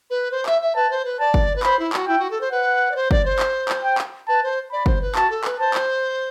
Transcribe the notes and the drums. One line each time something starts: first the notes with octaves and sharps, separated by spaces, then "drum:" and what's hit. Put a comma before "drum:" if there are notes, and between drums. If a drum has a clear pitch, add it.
B4
C5
E5, drum: clap
E5
B4 A5
C5
B4
D5 A5
drum: kick G1
B4
C5 B5, drum: clap
E4
F#4, drum: clap
E4 G5
F#4
A4
C5
B4 F#5
D5
C5
D5, drum: kick G1
C5
drum: clap
drum: clap
G5
drum: clap
B4 A5
C5
D5 B5
C5, drum: kick G1
B4
F#4 A5, drum: clap
A4
B4, drum: clap
C5 A5
drum: clap